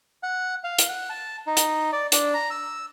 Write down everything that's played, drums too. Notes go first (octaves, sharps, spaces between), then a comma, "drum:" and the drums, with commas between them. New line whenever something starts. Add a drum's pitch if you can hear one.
F#5
F5
drum: hi-hat
F#5
A5
D#4
drum: hi-hat
D5
D4, drum: hi-hat
A#5
E6